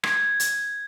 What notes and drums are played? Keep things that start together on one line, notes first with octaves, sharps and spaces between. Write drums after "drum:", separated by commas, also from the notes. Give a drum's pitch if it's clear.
G#6, drum: rim click
drum: hi-hat